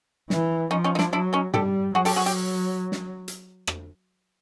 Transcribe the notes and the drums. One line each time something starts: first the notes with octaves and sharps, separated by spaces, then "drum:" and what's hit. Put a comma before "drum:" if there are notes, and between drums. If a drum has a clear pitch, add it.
E3, drum: snare
F3 C#4 D#4
C#4 D#4
D#4
D4 E4, drum: snare
F#3 D4 E4
C#4 D#4
G3 G4 A4, drum: tom
F#3 F#4 G#4
G4 A4, drum: open hi-hat
F#4 G#4
G4, drum: hi-hat
drum: snare
drum: hi-hat
drum: rim click